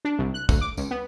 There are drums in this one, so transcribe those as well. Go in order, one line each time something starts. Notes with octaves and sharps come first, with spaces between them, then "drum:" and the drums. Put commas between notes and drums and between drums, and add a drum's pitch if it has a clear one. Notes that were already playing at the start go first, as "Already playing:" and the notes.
D4
C2
F#6
D2, drum: kick, tambourine
D6
C#2, drum: tambourine
B3